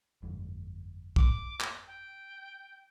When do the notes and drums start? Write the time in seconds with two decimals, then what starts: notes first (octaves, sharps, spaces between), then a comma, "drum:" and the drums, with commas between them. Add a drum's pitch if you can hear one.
0.22 G1 F2 G#2
1.16 D6, drum: kick
1.60 drum: clap
1.87 G5